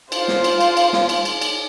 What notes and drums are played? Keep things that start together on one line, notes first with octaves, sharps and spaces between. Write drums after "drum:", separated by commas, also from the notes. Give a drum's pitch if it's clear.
F4 C5, drum: cymbal
drum: snare
drum: cymbal
drum: cymbal
drum: cymbal
drum: snare
drum: cymbal
drum: cymbal
drum: cymbal